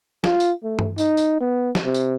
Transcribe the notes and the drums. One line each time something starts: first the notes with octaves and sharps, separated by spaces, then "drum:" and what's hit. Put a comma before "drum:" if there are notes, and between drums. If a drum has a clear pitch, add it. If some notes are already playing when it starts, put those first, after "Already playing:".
F4, drum: snare
drum: tambourine
A3
drum: tom G2
D#4, drum: tambourine
drum: tambourine
B3
drum: snare
C3
drum: tambourine